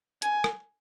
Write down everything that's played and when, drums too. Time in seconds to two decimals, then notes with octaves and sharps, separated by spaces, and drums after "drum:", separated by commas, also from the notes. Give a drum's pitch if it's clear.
0.22 G#5, drum: hi-hat
0.44 drum: rim click